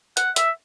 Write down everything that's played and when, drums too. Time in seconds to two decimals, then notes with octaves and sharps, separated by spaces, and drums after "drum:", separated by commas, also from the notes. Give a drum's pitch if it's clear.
0.17 F#5, drum: hi-hat
0.36 E5, drum: hi-hat